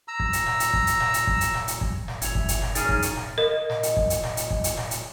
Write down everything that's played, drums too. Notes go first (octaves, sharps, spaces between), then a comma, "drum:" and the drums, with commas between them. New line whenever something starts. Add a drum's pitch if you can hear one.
A#5 E6
drum: kick
drum: hi-hat
drum: snare
drum: hi-hat
drum: kick
drum: hi-hat
drum: snare
drum: hi-hat
drum: kick
drum: hi-hat
drum: snare
drum: hi-hat
drum: kick
drum: snare
G1 E5 G#6 F7, drum: hi-hat
drum: kick
drum: hi-hat
drum: snare
C#4 D#4 G#4 A#4 A6 D#7, drum: hi-hat
drum: kick
drum: hi-hat
drum: snare
A#4 D#5
drum: snare
drum: hi-hat
drum: kick
drum: hi-hat
drum: snare
drum: hi-hat
drum: kick
drum: hi-hat
drum: snare
drum: hi-hat